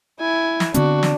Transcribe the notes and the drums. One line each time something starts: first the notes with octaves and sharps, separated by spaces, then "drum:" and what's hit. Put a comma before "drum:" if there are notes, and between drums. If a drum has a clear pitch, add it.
E4 G#5
drum: snare
D3 B3 C4 D4 F#4, drum: hi-hat
drum: snare